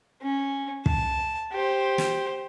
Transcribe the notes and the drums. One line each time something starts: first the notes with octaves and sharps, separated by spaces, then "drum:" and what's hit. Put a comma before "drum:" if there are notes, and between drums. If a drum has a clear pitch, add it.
C#4
A5, drum: kick
G4 C5
drum: snare